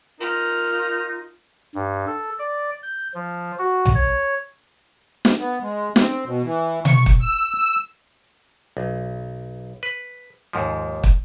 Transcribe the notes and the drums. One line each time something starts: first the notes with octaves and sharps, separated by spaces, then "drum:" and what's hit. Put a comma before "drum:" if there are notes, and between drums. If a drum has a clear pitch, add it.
D#4 F4 A#4 F6
G2
A4
D5
G6
F3
F#4
drum: tom
C#5
drum: snare
B3
G#3
C4, drum: snare
B2
E3
C#6, drum: tom B2
drum: kick
E6
E6
B1
B4
D#2 G#2 F3
drum: kick